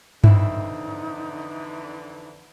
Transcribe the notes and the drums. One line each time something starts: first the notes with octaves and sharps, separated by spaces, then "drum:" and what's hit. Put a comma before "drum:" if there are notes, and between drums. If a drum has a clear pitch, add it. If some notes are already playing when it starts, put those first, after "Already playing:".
F2 D3 E3 C4 D#4 E4, drum: tom G2